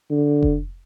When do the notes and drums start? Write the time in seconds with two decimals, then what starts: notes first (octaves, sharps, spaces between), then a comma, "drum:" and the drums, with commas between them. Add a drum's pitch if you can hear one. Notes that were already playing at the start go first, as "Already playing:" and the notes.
0.10 D3
0.43 drum: kick F1